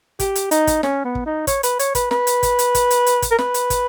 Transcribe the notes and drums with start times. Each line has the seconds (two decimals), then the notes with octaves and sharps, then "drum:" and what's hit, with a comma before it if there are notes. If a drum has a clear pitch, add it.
0.19 G4, drum: kick, hi-hat
0.35 drum: hi-hat
0.51 D#4, drum: hi-hat
0.67 drum: kick, hi-hat
0.83 C#4, drum: snare
1.04 B3
1.15 drum: kick
1.26 D#4
1.47 C#5, drum: kick, hi-hat
1.63 B4, drum: hi-hat
1.79 C#5, drum: hi-hat
1.95 B4, drum: kick, hi-hat
2.11 B4, drum: snare
2.27 drum: hi-hat
2.43 drum: kick, hi-hat
2.59 drum: hi-hat
2.75 drum: kick, hi-hat
2.90 drum: hi-hat
3.06 drum: hi-hat
3.22 drum: kick, hi-hat
3.31 A#4
3.39 B4, drum: snare
3.54 drum: hi-hat
3.70 drum: kick, hi-hat